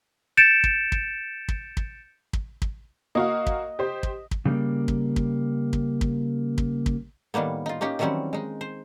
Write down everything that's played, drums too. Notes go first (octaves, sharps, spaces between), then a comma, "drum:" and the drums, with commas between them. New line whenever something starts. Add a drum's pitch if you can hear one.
G6 A6 C#7 D7 E7
drum: kick
drum: kick
drum: kick
drum: kick
drum: kick
drum: kick
A#3 F#4 D#5 F5
drum: kick
G4 C5
drum: kick
drum: kick
C#3 G3 A#3
drum: kick
drum: kick
drum: kick
drum: kick
drum: kick
drum: kick
A2 D#3 G3 A#3 B3
D#4 F4
A#3 C#4 D#4 G4
D#3 E3 F#3 G3 C4 C#4
G#3 D#4
C5